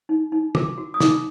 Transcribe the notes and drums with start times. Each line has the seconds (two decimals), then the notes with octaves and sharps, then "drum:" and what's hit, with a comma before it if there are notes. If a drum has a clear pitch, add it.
0.09 D#4
0.32 D#4
0.55 A#4 D6, drum: tom
0.78 F#4
0.94 D#6
1.00 D#4 D6, drum: snare